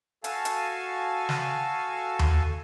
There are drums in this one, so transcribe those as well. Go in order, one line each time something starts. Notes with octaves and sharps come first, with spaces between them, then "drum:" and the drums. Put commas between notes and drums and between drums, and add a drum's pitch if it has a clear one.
F#4 A4 F5 G#5 A5, drum: hi-hat
drum: hi-hat
drum: snare
drum: tom D#2